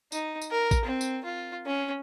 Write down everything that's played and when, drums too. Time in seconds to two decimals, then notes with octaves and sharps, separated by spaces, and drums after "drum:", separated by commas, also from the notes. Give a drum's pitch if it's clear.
0.12 D#4, drum: tambourine
0.42 drum: tambourine
0.51 A#4
0.71 drum: kick A1, tambourine
0.85 C4
1.01 drum: tambourine
1.24 F4
1.66 C#4